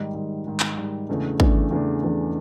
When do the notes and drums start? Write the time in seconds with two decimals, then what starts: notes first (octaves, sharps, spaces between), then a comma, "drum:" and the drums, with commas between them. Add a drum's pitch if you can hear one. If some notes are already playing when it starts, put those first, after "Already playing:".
Already playing: G#2 D#3 G3
0.14 G#2 D#3 G3
0.46 G#2 D#3 G3
0.60 drum: clap
0.77 G#2 D#3 G3
1.09 E2 C#3 E3 A3 D4
1.40 E2 C#3 E3 A3 D4, drum: kick
1.70 E2 C#3 E3 A3 D4
2.03 E2 C#3 E3 A3 D4